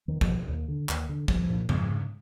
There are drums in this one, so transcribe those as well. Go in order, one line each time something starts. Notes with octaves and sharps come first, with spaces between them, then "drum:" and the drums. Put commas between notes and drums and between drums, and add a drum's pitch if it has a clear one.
E2 D#3
F2 F3, drum: kick
B2
D#2
D3
D#2, drum: clap
D3
C2 F2 F3, drum: kick
A#2
F2 G#2 G#3, drum: tom C#3
C#3